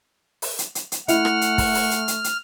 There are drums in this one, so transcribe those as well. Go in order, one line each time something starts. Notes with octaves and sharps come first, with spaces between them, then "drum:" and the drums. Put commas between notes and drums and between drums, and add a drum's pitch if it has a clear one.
drum: open hi-hat
drum: hi-hat
drum: hi-hat
drum: hi-hat
A3 E4 F#5 F6, drum: hi-hat
drum: rim click
drum: hi-hat
drum: kick, open hi-hat
drum: open hi-hat
drum: hi-hat
drum: hi-hat
drum: hi-hat